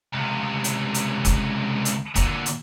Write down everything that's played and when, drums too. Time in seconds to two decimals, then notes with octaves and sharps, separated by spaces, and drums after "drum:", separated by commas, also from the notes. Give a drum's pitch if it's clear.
0.13 C#2 C3
0.64 drum: hi-hat
0.94 drum: hi-hat
1.25 drum: kick, hi-hat
1.85 drum: hi-hat
2.15 A#2 D3, drum: kick, hi-hat
2.46 drum: hi-hat